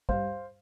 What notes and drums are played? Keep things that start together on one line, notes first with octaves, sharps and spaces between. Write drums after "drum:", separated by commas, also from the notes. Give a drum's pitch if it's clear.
G2 C5 F5, drum: kick